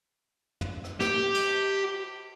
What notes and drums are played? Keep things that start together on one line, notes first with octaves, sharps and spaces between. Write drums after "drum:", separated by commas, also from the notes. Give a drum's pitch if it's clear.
drum: tom
drum: rim click
G4, drum: snare
drum: cymbal